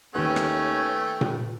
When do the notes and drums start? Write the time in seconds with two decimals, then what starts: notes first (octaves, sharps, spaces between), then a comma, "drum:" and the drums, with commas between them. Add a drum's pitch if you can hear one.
0.15 D#2 D#3 A3 C#4 B4 G5
0.36 drum: rim click
1.21 drum: tom A#2